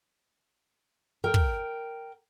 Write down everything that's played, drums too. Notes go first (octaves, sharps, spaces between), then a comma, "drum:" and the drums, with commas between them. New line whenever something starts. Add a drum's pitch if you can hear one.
A#4 G5
drum: kick